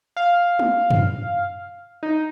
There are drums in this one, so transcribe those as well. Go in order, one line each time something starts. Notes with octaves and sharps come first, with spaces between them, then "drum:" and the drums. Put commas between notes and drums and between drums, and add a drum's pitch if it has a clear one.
F5
drum: tom
drum: tom F#2
D#4